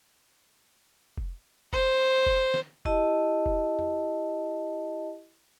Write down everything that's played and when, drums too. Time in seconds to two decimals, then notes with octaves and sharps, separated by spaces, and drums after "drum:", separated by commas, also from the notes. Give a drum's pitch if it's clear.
1.18 drum: kick F1
1.73 C5, drum: kick F1
2.26 drum: kick F1
2.54 drum: snare
2.85 E4 G4 D#5 A5, drum: kick F1
3.46 drum: kick F1
3.79 drum: tom E2